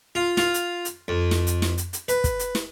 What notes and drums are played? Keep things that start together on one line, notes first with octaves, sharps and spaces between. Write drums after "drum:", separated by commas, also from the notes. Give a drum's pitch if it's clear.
F4
F4, drum: snare
drum: hi-hat
drum: hi-hat
F2
drum: snare
drum: hi-hat
drum: snare
drum: hi-hat
drum: hi-hat
B4, drum: hi-hat
drum: kick, hi-hat
drum: hi-hat
drum: snare